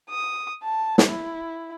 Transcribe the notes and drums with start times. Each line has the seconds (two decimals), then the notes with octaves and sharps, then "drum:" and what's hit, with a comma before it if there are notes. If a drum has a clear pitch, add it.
0.10 D#6
0.64 A5
0.98 drum: snare
1.08 E4